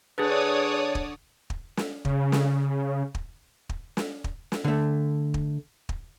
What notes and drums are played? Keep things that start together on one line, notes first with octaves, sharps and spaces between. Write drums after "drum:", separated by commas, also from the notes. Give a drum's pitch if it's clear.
D3 G#4 B4 C#5 D5 A5 D#6
drum: kick
drum: kick
drum: snare
C#3, drum: kick
drum: snare
drum: kick
drum: kick
drum: snare
drum: kick
drum: snare
D3 A3
drum: kick
drum: kick